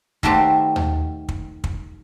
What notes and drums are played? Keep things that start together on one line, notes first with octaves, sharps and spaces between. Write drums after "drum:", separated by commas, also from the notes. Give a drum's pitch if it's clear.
D#3 A3 F#4 G4 C5, drum: kick
drum: tom D#2
drum: kick
drum: kick